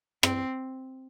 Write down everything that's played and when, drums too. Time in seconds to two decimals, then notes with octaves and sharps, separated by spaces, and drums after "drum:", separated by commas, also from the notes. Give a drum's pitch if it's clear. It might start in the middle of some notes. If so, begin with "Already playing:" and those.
0.23 C4, drum: rim click